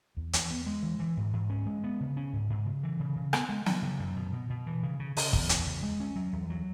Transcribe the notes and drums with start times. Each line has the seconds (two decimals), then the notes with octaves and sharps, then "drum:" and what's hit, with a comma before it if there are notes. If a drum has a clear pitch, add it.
0.17 E2
0.33 E2, drum: hi-hat
0.50 B3
0.66 G#3
0.83 E3
0.99 E3
1.17 G#2
1.33 G#2
1.50 C#4
1.66 G#3
1.84 B3
2.00 C#3
2.17 C#4
2.33 G#2
2.50 G#2
2.66 C#3
2.83 E3
3.00 C#3
3.16 C#3
3.33 B3, drum: rim click
3.49 G#3
3.66 F#3, drum: snare
3.83 C#3
3.99 F#2
4.16 B2
4.33 B2
4.50 B2
4.66 E3
4.83 C#3
5.00 C#3
5.17 C#3, drum: open hi-hat
5.33 E2, drum: kick
5.49 E2, drum: hi-hat
5.66 C#3
5.83 G#3
6.00 C#4
6.16 F#3
6.33 E2
6.50 F#3